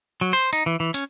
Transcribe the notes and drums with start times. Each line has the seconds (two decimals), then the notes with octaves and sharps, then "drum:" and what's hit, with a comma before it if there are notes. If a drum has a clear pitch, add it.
0.21 F#3
0.33 C5
0.53 D#4, drum: hi-hat
0.66 E3
0.80 E3
0.94 C#4, drum: hi-hat